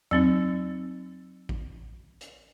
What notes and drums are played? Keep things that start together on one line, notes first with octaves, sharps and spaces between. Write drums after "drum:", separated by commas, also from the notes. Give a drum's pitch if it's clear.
F#3 C4 D#4, drum: tom E2
drum: kick A1
drum: hi-hat